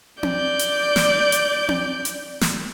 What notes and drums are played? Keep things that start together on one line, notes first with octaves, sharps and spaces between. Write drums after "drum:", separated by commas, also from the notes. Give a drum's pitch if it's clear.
D5 G6, drum: tom C4
drum: hi-hat
drum: snare
drum: hi-hat
drum: tom C4
drum: hi-hat
drum: snare